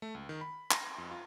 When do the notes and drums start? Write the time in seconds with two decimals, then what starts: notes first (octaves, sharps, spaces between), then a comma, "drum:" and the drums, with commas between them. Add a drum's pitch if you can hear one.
0.02 A3
0.15 C#2
0.29 D#3
0.41 B5
0.71 A#6, drum: clap
0.98 F2
1.11 F4